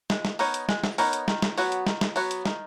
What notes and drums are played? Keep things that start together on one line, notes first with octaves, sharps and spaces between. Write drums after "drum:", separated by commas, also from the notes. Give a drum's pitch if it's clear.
G#3, drum: snare
drum: snare
B3 D#4 A#4 C#5, drum: open hi-hat
drum: hi-hat
G#3, drum: snare
drum: snare
B3 D#4 A#4 C#5, drum: open hi-hat
drum: hi-hat
D#3, drum: snare
drum: snare
F#3 B3 F#4 C#5, drum: open hi-hat
drum: hi-hat
D#3, drum: snare
drum: snare
F#3 B3 F#4 C#5, drum: open hi-hat
drum: hi-hat
D#3, drum: snare